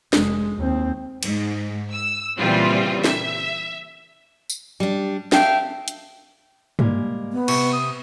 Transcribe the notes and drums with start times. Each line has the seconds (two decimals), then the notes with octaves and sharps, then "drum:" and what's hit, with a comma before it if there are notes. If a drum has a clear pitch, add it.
0.13 F1 G#3, drum: snare
0.57 D#2 C4
1.23 G#2, drum: cymbal
1.92 E6
2.38 A#2 C#3 E3 G3 C4 F4
3.04 E5, drum: snare
4.50 drum: tambourine
4.80 G3 D4
5.32 E5 F5 G5 A5, drum: snare
5.88 drum: hi-hat
6.79 G3 G#3 A#3, drum: tom
7.32 B3
7.48 C3 C#6, drum: cymbal
7.73 D#6